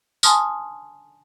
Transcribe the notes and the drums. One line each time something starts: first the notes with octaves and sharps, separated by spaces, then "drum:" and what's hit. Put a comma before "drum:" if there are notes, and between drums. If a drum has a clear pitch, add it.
G#5 A5 C6 D#6 F6, drum: tambourine